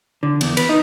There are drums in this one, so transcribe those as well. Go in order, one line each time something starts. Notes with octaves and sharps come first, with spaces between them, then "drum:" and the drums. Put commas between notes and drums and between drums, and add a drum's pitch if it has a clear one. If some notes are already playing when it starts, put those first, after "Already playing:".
D3
E2, drum: cymbal
B4, drum: cymbal
D#4